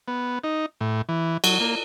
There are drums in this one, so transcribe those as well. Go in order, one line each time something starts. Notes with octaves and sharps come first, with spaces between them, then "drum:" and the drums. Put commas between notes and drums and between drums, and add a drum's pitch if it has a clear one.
B3
D#4
A2
E3
F#3, drum: cymbal
A#3